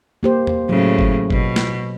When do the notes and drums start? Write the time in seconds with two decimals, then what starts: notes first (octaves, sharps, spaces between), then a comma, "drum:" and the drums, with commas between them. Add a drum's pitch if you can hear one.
0.23 A#3 G4 C5
0.47 drum: tom E2
0.69 A2 C#3 F#3
0.99 drum: kick G1
1.30 B2, drum: kick G1
1.56 drum: snare